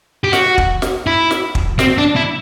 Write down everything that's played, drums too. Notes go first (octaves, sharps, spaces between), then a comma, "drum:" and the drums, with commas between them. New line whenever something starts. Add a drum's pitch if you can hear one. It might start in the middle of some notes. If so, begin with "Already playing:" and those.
G4
F#4, drum: snare
drum: kick
drum: snare
E4
drum: snare
drum: kick
C4, drum: snare
D4
E4